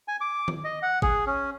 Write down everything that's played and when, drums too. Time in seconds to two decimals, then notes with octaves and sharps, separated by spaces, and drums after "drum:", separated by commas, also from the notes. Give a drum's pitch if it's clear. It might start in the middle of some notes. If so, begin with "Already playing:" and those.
0.08 G#5
0.21 D6
0.48 drum: tom D#3
0.64 D#5
0.82 F#5
1.02 G#4, drum: kick G#1
1.26 C#4